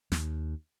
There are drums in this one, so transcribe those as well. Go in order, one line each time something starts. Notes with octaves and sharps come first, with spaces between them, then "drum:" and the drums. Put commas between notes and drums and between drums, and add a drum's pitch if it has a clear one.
D#2, drum: snare